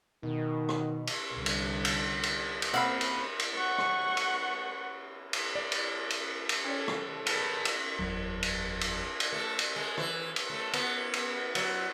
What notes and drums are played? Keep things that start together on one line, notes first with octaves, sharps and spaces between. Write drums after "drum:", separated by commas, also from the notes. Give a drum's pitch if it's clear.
B2 D#3
drum: rim click
drum: cymbal
C2 D3
drum: cymbal
drum: cymbal
drum: cymbal
drum: cymbal
A#3 C4 E4 F5 F#5 B5
drum: cymbal
drum: cymbal
F#5 C#6
drum: rim click
drum: cymbal
drum: cymbal
D5
drum: cymbal
drum: cymbal
drum: cymbal
C#4 A4 C#5 D5
drum: rim click
G#4 A#4 B4 A5, drum: cymbal
drum: cymbal
F#1 E2 F#3
drum: cymbal
drum: cymbal
drum: cymbal
A3
drum: cymbal
G#3
E3, drum: rim click
drum: cymbal
A3
B3, drum: cymbal
drum: cymbal
F#3, drum: cymbal